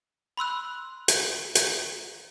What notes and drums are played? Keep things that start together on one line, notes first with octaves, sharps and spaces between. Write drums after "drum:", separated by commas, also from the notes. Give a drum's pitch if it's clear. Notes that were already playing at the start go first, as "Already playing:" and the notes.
B5 C6 E6 F#6
drum: hi-hat
drum: hi-hat